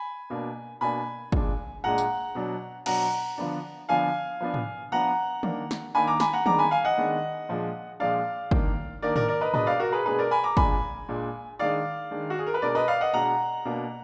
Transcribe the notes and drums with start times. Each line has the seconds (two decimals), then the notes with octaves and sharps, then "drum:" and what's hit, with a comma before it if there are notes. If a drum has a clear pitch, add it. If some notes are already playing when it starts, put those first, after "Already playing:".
Already playing: G#5 B5
0.30 B2 A#3 D4
0.81 B2 A#3 D4 G#5 B5
1.32 A#2 G#3 D4, drum: kick
1.84 A#2 G#3 D4 F#5 A#5
1.98 drum: tambourine
2.35 B2 F#3 D4
2.86 B2 F#3 D4 F#5 A#5, drum: cymbal
3.38 D3 F3 B3 D4
3.89 D3 F3 B3 D4 F5 G#5
4.40 F3 B3 D4
4.54 drum: tom
4.92 F3 B3 D4 F#5 A#5
5.43 D#3 A#3 D4, drum: tom
5.71 drum: snare
5.95 D#3 A#3 D4 G#5 B5
6.07 A#5 D6
6.20 G#5 B5, drum: snare
6.33 F#5 A#5
6.46 D#3 G#3 B3 D4 A#5 D6, drum: tom
6.59 G#5 B5
6.71 F5 G#5
6.84 D#5 F#5
6.98 D#3 G#3 B3 D4
7.49 A#2 F3 G#3 D4
8.00 A#2 F3 G#3 D4 D5 F5
8.51 D#3 A#3 D4, drum: kick
9.02 D#3 A#3 D4 A#4 D5
9.16 A#4 D5, drum: tom
9.28 A#4 D5
9.41 B4 D#5
9.54 B2 G#3 D4 B4 D#5, drum: tom
9.67 D5 F5
9.80 F#4 A#4
9.92 G#4 B4
10.05 B2 G#3 D4 G#4 B4
10.19 A#4 D5
10.31 G#5 B5
10.43 A#5 D6
10.57 A#2 G#3 D4 G#5 B5, drum: kick
11.09 A#2 G#3 D4
11.59 D#3 G#3 D4 D5 F5
12.11 D#3 G#3 D4
12.30 F#4
12.39 G#4
12.47 A#4
12.54 B4
12.62 B2 G#3 D4 A#4 D5
12.75 B4 D#5
12.88 D5 F5
13.01 D#5 F#5
13.14 B2 G#3 D4 F#5 A#5
13.65 B2 A#3 D4